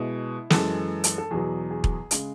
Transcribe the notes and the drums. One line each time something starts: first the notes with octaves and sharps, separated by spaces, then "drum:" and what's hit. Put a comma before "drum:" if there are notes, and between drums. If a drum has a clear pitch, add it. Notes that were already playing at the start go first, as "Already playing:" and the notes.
Already playing: B2 G#3 E4
F#2 E3 G#3 A4, drum: snare
drum: hi-hat
A4
E2 B2 F#3 G#4
G#4
drum: kick E1
C#3 G#3, drum: hi-hat